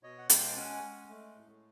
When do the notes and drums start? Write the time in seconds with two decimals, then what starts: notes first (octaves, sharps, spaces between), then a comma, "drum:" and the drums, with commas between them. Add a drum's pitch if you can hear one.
0.03 B2 C#5 D#5
0.18 F#5
0.30 G#3 F5 G5, drum: hi-hat
0.48 A5
0.56 C#4 F#5 G#5
0.83 G#3
1.08 A3
1.35 A2